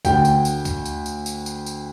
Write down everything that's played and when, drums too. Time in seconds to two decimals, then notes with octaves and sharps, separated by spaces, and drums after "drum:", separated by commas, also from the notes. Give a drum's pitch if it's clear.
0.05 D2 G5, drum: kick, tambourine
0.25 drum: tambourine
0.45 drum: tambourine
0.65 drum: kick, tambourine
0.86 drum: tambourine
1.06 drum: tambourine
1.26 drum: tambourine
1.46 drum: tambourine
1.66 drum: tambourine